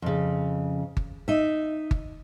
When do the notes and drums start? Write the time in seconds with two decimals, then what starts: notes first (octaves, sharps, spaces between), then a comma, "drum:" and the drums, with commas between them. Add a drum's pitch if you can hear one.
0.02 F2 C#3
0.97 drum: kick G1
1.28 D#4 E5
1.91 drum: kick G1